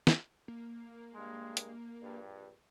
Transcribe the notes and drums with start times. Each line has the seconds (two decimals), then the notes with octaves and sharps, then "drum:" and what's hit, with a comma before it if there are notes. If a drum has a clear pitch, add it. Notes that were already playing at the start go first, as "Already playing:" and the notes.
0.07 drum: snare
0.48 A#3
1.14 G2 G#3
1.57 drum: hi-hat
2.02 A#1 G2